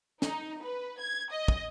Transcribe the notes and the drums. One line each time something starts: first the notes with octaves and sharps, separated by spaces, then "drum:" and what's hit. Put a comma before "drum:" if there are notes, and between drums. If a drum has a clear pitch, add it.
D#4, drum: snare
B4
G#6
D#5
drum: kick